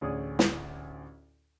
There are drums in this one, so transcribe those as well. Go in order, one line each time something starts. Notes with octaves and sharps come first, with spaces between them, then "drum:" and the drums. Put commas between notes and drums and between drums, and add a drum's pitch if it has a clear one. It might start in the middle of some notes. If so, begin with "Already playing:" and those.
A1 D2 G#4 C#5 D5 D#6
drum: snare